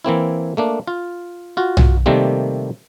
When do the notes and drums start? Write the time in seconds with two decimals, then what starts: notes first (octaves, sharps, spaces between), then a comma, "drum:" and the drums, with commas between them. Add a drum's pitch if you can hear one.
0.05 E3 A#3 C4 E4
0.57 A3 A#3 D4
0.87 F4
1.57 F4 F#4
1.77 drum: tom
2.06 C3 D#3 G3 A3 A#3 C4